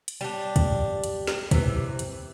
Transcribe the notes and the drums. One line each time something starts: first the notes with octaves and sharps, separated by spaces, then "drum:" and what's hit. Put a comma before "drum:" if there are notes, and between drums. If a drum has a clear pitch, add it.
drum: hi-hat
G3 D4
drum: kick, hi-hat
drum: hi-hat
drum: snare
C3 E3, drum: kick, hi-hat
drum: hi-hat